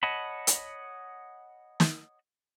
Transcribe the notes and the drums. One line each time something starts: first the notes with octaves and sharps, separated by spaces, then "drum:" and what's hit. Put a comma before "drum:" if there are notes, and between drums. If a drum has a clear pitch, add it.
C#5 D#5 F#5 A5 B5
drum: hi-hat
drum: snare